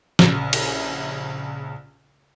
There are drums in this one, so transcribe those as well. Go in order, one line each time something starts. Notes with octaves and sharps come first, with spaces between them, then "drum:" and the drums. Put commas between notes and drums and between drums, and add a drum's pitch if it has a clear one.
A#1 C#3, drum: snare
drum: cymbal